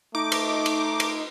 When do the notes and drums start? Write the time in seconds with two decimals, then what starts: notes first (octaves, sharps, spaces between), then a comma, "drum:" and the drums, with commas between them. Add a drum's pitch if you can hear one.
0.15 A3 D#4 D6
0.32 drum: cymbal
0.66 drum: cymbal
1.00 drum: cymbal